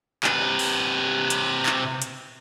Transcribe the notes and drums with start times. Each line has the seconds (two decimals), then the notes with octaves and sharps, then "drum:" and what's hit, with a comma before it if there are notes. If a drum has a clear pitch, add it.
0.24 C3 B4, drum: clap
0.59 drum: open hi-hat
1.30 drum: hi-hat
1.66 drum: clap
2.02 drum: hi-hat